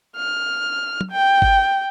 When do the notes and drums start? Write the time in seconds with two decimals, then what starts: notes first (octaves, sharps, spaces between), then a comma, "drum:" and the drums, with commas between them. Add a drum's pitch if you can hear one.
0.16 F6
1.01 drum: tom
1.12 G5
1.42 drum: kick G1